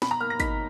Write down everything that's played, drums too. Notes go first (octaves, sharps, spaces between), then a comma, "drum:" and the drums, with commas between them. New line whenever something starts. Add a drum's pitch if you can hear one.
B2 B5, drum: snare
A#5
A#3 F6
A#6
D#4 B6, drum: kick G#1, hi-hat